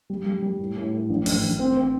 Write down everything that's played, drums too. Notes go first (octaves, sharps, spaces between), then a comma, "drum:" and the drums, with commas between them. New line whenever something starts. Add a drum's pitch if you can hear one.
G3
G3
G3
A2
A2
A2
A1
A1, drum: open hi-hat
A1
C4
C4